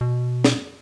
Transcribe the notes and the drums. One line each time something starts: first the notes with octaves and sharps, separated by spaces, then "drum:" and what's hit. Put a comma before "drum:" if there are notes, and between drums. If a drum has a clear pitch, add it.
B2
drum: snare